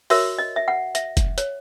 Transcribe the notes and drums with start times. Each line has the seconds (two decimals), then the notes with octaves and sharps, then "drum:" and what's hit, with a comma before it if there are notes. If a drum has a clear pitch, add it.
0.10 F#4 A#4 C#5 E5, drum: open hi-hat
0.38 D#5
0.56 E5
0.68 F#5
0.95 E5, drum: hi-hat
1.17 drum: kick F1, hi-hat
1.38 C#5, drum: hi-hat